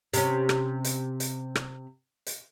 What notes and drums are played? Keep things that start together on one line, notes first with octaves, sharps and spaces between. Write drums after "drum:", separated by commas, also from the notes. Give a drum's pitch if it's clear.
C3 C#4, drum: hi-hat
drum: rim click
drum: hi-hat
drum: hi-hat
drum: rim click
drum: hi-hat